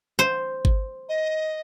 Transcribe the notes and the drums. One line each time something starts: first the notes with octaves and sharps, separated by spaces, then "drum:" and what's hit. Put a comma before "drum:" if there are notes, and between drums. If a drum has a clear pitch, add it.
C5
drum: kick G#1
D#5